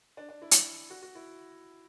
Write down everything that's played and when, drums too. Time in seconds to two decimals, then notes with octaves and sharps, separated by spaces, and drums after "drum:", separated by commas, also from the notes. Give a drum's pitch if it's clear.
0.17 D4
0.29 D4
0.42 E4
0.51 drum: hi-hat
0.90 F#4
1.02 F#4
1.15 E4